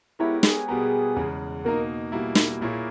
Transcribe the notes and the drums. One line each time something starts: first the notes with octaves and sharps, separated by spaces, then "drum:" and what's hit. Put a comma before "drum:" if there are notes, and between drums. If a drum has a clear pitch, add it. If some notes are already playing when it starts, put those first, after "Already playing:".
G#3 B3 E4 G4 A#4 C#5
G#4, drum: snare
B2 G3 B3 G4 A#4
E2 C#3 G#3
B2 A#3 D#4 A#4
B2 G3 A#3 E4
drum: snare
A#2 A#3 E4 G#4 C#5